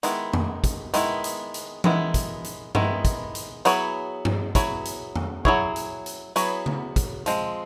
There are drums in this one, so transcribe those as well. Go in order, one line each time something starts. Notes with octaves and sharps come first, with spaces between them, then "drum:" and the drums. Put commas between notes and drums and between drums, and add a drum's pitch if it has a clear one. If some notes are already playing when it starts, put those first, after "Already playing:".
D#3 G#3 B3 E4, drum: hi-hat
drum: tom F2
drum: kick, hi-hat
D#3 G#3 B3 E4, drum: hi-hat
drum: hi-hat
drum: hi-hat
D#3 G#3 B3 E4, drum: tom E3
drum: kick, hi-hat
drum: hi-hat
D#3 G#3 B3 E4, drum: tom G2
drum: kick, hi-hat
drum: hi-hat
F#3 B3 E4 G#4 C#5, drum: hi-hat
drum: tom G2
F#3 B3 E4 G#4 C#5, drum: kick, hi-hat
drum: hi-hat
drum: tom F2
F#3 B3 E4 G#4 C#5, drum: kick
drum: hi-hat
drum: hi-hat
F#3 B3 E4 G#4 C#5, drum: hi-hat
drum: tom C#3
drum: kick, hi-hat
F3 G#3 C4, drum: hi-hat